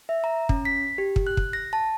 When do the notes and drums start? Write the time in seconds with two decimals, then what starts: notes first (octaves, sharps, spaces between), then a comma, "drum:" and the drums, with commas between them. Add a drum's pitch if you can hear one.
0.09 E5
0.24 A#5
0.49 C#4, drum: kick
0.65 B6
0.98 G4
1.16 drum: kick
1.27 F#6
1.37 drum: kick
1.53 A#6
1.73 A5